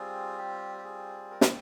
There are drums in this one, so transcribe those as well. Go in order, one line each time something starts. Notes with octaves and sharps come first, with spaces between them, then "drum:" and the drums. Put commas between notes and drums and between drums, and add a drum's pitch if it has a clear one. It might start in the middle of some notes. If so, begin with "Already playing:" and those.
Already playing: G3 C4 F4 G#4
G4
G4
G#4
A#4
G#4, drum: snare